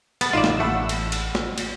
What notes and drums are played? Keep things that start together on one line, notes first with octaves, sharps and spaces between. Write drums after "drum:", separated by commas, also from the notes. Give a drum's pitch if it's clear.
B3 B5 A6, drum: cymbal
A1 D#4 F4 D5 E7
drum: snare
A3 F#5 B5 E6
drum: cymbal
drum: cymbal
drum: snare
drum: cymbal